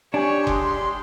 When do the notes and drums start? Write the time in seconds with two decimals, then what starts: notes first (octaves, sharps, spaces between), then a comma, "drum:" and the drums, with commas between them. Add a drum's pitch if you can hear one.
0.14 D4 G4 C#5 G#5
0.47 G#3 C6, drum: kick F#1